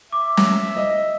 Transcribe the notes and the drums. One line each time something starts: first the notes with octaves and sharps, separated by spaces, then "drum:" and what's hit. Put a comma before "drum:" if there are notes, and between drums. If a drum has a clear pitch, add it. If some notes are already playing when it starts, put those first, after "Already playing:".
E5 D6
drum: snare
D#5